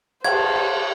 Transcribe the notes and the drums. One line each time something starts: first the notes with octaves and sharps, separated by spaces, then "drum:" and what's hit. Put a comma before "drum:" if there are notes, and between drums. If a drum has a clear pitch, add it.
C5 A5 G#6, drum: cymbal